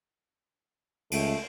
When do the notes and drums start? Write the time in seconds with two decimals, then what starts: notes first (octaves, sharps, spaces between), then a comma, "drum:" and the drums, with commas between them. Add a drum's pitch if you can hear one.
1.12 C#2 A3, drum: cymbal